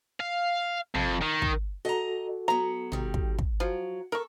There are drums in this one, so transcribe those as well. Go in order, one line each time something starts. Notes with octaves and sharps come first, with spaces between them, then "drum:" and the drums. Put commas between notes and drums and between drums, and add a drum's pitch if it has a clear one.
F5
F2, drum: tom
D#3
drum: kick
F#4 A4 D#5 A#5
F#3 B3 A#5
D#3 G3, drum: tom
drum: kick
drum: kick
F3 F#3
A4 A#4 C#6